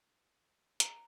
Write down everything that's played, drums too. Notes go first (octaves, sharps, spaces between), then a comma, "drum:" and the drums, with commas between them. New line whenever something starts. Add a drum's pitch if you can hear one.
A#5, drum: hi-hat